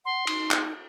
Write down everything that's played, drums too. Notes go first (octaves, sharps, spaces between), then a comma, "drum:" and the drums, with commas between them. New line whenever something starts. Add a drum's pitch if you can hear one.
F#5 C6
D#4, drum: cymbal
drum: clap